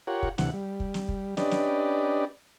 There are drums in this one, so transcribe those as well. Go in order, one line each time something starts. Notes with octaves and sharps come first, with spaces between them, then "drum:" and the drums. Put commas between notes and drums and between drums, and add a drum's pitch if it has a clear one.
F4 G4 A#4 C#5 F#5
drum: kick
D2 C3 E3 F#5, drum: snare
G3
drum: kick
drum: snare
drum: kick
C#4 D4 G4 B4 D5 D#5, drum: snare
drum: snare